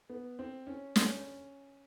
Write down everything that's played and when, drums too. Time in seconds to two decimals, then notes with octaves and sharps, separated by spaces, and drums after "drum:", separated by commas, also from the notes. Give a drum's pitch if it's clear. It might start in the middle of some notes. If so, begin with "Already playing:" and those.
0.10 B3
0.39 C4
0.67 C#4
0.96 C#4, drum: snare